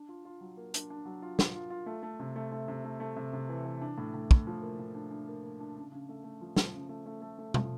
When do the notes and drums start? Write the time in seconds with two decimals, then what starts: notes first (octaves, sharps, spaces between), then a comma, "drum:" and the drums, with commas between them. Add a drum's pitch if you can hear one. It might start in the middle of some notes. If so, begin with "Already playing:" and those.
Already playing: D4
0.09 F4
0.25 F4
0.41 F#3
0.57 A#3
0.74 D4, drum: hi-hat
0.90 D4
1.05 F#3
1.22 F4
1.39 F4, drum: snare
1.55 F4
1.70 F4
1.86 A3
2.03 A3
2.20 C3
2.36 A3
2.52 A3
2.68 C3
2.85 A3
3.00 A3
3.16 C3
3.33 C3
3.49 E3
3.65 E3
3.82 D4
3.98 A2
4.14 A2
4.31 A2, drum: kick
4.47 F3
4.62 A#3
4.79 A2
4.95 D4
5.11 D4
5.28 A#3
5.43 A#3
5.60 D4
5.76 C#3
5.92 C#3
6.09 A3
6.24 A3
6.41 F3
6.56 F3, drum: snare
6.74 C#3
6.89 A3
7.06 A3
7.22 A3
7.39 A3
7.54 F3, drum: tom B2